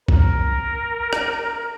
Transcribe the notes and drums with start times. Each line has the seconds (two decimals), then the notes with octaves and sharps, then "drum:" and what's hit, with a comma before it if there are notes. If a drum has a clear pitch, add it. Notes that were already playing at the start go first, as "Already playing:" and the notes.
0.08 A#4, drum: kick B1
1.13 drum: rim click